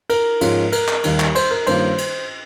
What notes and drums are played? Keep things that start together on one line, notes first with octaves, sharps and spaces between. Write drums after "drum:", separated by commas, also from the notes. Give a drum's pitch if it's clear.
A#4, drum: cymbal
G#2 F3 G#3 C#4 F4, drum: cymbal
A#4, drum: cymbal
drum: clap
D#2 D#3 G3, drum: cymbal
drum: clap
C5, drum: cymbal
A#4
G2 D#3 A#3 C#4 F4 C5, drum: cymbal
drum: cymbal